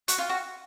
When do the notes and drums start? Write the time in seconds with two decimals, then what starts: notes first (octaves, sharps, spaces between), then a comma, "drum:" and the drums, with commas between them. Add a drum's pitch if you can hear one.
0.08 F#4, drum: hi-hat
0.18 F4
0.29 F#4